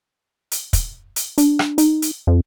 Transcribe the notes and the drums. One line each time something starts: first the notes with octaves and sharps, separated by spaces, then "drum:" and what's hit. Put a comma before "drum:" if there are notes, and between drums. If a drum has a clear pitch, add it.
drum: hi-hat
drum: kick, hi-hat
drum: hi-hat
D4, drum: hi-hat
drum: rim click
D#4, drum: hi-hat
drum: hi-hat
F2